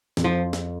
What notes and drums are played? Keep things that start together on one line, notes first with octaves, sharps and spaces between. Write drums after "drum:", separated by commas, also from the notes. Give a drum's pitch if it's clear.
F2, drum: snare
F3
drum: snare